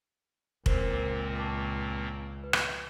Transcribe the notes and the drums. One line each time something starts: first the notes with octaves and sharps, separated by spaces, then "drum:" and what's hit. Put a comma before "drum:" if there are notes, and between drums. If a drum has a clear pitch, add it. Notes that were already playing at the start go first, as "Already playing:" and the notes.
C#2 A#2 A#3 C4 A#4 C5, drum: kick F1
A5 C#6 D6
B4
drum: rim click